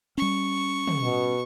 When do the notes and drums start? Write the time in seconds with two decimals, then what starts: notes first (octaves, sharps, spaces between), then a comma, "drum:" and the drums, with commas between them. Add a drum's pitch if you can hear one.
0.18 G3 C#4 C#6
0.87 drum: tom
1.02 B2